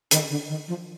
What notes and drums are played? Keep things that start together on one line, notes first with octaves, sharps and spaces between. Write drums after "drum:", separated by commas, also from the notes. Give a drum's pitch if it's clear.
D#3, drum: hi-hat
D3
D#3
F3